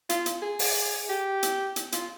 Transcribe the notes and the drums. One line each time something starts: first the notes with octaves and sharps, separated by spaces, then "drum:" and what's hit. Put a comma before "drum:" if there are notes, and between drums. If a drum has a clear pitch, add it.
F4, drum: hi-hat
drum: hi-hat
G#4
drum: open hi-hat
G4
drum: hi-hat
drum: hi-hat
F4, drum: hi-hat